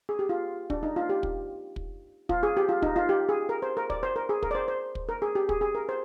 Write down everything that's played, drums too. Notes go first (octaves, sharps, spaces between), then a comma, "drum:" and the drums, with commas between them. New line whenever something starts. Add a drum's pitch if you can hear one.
G#4
G4
F4
D4, drum: kick
D#4
F4
G4
drum: kick
drum: kick
F4, drum: kick
G#4
G4
F4
D#4, drum: kick
F4
G4
G#4
A#4
C5
A#4
D5, drum: kick
C5
A#4
G#4
A#4, drum: kick
D5
C5
C5
drum: kick
A#4
G#4
G4
G#4, drum: kick
G#4
A#4
C5